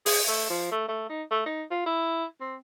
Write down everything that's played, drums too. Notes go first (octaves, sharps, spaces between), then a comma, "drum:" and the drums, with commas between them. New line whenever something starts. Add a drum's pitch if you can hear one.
G#4, drum: open hi-hat
A3
F3
A3
A3
D#4
A3
D#4
F4
E4
C4